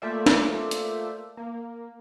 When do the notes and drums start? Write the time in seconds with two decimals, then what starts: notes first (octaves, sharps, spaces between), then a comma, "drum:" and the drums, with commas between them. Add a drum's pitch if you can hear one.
0.02 A3 A#3 F4 C5 D5 E5
0.26 drum: snare
0.71 drum: hi-hat
1.37 A#3